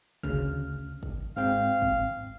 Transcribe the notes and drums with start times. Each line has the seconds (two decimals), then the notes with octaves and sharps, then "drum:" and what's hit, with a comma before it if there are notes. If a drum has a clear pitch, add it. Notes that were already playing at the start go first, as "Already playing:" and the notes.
0.23 D2 C#3 F6, drum: kick
1.03 drum: kick
1.37 G#2 C4 F5 G5
1.82 drum: kick